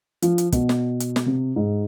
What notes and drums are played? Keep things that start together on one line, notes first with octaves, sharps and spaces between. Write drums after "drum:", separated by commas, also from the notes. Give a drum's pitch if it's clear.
F3, drum: hi-hat
drum: hi-hat
B2, drum: kick, hi-hat
drum: snare
drum: hi-hat
drum: snare
C3
G#2